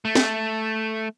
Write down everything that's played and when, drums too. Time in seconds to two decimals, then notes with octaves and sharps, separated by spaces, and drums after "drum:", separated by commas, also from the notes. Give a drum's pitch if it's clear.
0.05 A3
0.15 drum: snare